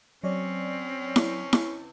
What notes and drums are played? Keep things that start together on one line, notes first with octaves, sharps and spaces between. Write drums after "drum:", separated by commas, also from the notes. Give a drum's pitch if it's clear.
F#3 C4 C#4 C#5 D5
drum: snare E4
drum: snare E4